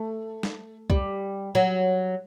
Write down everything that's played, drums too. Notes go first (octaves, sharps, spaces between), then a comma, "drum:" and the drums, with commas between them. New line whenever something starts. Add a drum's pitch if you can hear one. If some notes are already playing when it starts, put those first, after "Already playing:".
Already playing: A3
drum: snare
G3, drum: kick
F#3